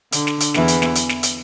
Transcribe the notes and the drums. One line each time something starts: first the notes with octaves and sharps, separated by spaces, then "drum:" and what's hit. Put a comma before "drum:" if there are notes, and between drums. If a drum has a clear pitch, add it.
D3, drum: hi-hat
drum: snare
drum: hi-hat
E2 E3, drum: snare
drum: hi-hat
drum: snare
drum: hi-hat
drum: snare
drum: hi-hat